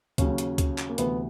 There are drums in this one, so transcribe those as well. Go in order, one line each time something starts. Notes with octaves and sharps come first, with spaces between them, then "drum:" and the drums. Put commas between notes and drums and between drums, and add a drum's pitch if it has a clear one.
D#2 C#3 F#3 C#4, drum: kick C#2, hi-hat
drum: hi-hat
drum: kick C#2, hi-hat
drum: clap
A#3
D2 C3 E3 B3, drum: hi-hat